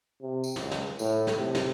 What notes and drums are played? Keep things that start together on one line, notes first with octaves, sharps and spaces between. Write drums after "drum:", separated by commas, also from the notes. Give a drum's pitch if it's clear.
C3
drum: tambourine
C#2, drum: snare
drum: snare
A2, drum: tambourine
drum: snare
C3
drum: snare